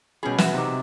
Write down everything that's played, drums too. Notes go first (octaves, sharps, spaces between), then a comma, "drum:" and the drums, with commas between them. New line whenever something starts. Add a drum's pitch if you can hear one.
B2 G3 C#4 G#4 B5
F#4 B4 E5, drum: snare
C3 D#4 D6